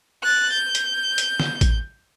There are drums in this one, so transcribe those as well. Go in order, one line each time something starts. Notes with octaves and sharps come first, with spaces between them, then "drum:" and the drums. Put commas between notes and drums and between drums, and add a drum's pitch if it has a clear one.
F#6 A6
G6
drum: hi-hat
drum: hi-hat
drum: snare
drum: kick A1, hi-hat